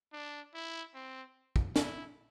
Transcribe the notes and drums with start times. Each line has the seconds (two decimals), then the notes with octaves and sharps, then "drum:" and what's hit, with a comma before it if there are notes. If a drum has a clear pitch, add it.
0.13 D4
0.54 E4
0.95 C4
1.56 drum: kick
1.76 E4, drum: snare